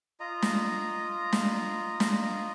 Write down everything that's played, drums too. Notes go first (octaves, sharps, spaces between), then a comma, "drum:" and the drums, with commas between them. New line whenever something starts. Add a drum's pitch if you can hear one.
F4 D#5 A#5
drum: snare
drum: snare
drum: snare